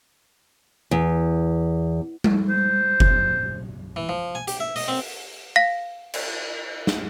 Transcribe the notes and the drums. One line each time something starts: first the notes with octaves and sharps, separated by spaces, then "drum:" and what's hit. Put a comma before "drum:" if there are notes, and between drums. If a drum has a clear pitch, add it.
E2
drum: tom G3
C5
drum: kick F#1
E3
F3
G#5
G4, drum: hi-hat
E5
D#5, drum: open hi-hat
C4
F5 A#6
drum: cymbal
drum: snare